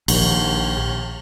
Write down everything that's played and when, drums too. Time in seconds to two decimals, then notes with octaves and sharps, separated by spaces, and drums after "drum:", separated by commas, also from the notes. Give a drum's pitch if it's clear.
0.08 A#1 D#3, drum: cymbal